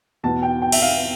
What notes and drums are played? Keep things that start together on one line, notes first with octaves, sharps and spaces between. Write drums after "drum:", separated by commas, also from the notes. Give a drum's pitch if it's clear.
E2 B2 B3 A5
G5
G5
E5, drum: cymbal
F5